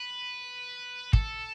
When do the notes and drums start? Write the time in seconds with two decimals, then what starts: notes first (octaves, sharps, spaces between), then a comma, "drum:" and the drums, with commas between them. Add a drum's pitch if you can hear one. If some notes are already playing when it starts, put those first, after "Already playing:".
Already playing: B4
1.13 A4, drum: kick